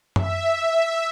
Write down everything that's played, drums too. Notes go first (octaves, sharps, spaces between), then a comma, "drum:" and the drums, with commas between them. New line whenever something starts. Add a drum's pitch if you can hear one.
E5, drum: tom F#2